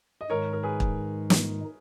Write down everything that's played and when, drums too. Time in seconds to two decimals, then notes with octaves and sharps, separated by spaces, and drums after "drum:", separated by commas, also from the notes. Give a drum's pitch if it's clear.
0.21 D#5
0.30 G#2 D#3 G#3 D#4 A#4 C#5
0.53 A#4
0.63 G#4 B4
0.80 drum: kick
1.30 drum: snare